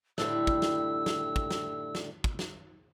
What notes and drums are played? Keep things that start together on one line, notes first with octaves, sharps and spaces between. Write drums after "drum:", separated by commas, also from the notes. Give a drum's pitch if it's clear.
A2 D3 G3 E6, drum: snare
drum: kick
drum: snare
drum: snare
drum: kick
drum: snare
drum: snare
drum: kick
drum: snare